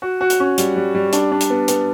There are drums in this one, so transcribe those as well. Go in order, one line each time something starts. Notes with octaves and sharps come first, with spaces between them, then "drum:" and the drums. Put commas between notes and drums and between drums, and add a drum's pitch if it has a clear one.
F#4
F#4
drum: hi-hat
C#4
G3, drum: hi-hat
G3
G3
D4, drum: hi-hat
D4
drum: hi-hat
B3
B3, drum: hi-hat